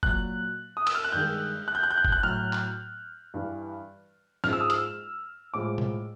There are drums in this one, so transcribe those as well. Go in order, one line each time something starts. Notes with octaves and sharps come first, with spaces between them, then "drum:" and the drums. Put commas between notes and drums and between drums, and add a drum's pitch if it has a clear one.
A#2 F#3 F#6, drum: kick F#1
D#6
E6, drum: cymbal
F6
F#6
G2 D#3 G#3 G6
F#6
G6
F#6
G6
F#6
G6, drum: kick F#1
F#6
A2 F#3 F6
drum: clap
G2 E3 G3
G#2 F3 G#3 F6, drum: snare C#4
E6
D#6
E6, drum: hi-hat
A2 F3 G#3 D6
drum: tom B2